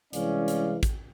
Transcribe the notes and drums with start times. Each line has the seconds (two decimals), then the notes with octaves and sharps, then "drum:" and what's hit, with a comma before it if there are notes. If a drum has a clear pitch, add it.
0.13 C2 E3 G#3 C#4 D5 F5, drum: hi-hat
0.48 drum: hi-hat
0.83 drum: kick, hi-hat